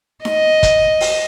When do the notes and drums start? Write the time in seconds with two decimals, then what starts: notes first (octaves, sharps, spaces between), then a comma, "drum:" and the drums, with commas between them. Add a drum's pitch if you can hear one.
0.25 D#5, drum: snare D#4
0.63 drum: kick, hi-hat
1.01 drum: open hi-hat